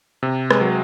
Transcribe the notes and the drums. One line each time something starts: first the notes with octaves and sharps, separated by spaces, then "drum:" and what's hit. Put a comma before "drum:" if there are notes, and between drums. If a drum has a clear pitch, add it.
C3
G#3, drum: rim click
F#3